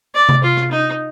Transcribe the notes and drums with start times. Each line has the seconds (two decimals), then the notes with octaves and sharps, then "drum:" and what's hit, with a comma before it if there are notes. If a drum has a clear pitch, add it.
0.15 D5
0.29 drum: tom C3
0.43 F4
0.57 drum: rim click
0.71 D#4